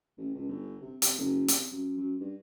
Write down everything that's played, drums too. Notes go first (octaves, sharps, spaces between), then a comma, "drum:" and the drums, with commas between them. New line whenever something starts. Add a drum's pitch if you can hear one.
A1
C#2
G1
C3
C3, drum: hi-hat
F#1
C3, drum: hi-hat
F#2
F#2
G2